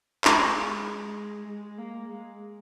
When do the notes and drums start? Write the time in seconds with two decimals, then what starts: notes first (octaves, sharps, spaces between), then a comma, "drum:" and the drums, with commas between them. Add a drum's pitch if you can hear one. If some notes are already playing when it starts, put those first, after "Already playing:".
0.25 G#3, drum: clap
0.55 G#3
1.47 G#3
1.78 A#3
2.09 G#3